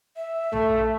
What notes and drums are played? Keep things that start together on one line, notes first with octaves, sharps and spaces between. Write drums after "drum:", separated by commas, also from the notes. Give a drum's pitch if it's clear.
E5
A3, drum: tom A#1